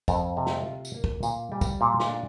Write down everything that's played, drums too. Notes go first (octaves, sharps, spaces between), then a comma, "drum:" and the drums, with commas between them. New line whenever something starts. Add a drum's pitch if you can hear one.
F2, drum: kick, tambourine
C3
drum: snare
F4
drum: tambourine
A#3
drum: kick
A#2, drum: tambourine
G3
drum: kick, tambourine
A#2
drum: snare
D4